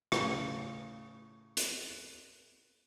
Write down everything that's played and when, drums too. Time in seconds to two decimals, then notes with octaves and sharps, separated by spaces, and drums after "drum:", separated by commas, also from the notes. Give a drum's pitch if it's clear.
0.12 A2 C#3, drum: rim click
1.57 drum: hi-hat